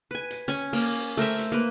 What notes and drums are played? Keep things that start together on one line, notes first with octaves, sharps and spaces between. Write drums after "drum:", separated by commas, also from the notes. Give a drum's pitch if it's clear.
B4 G#5
drum: hi-hat
C#4 G#5
A#3, drum: open hi-hat
A3 A#4 C5 E5, drum: hi-hat
drum: hi-hat
A#3 B4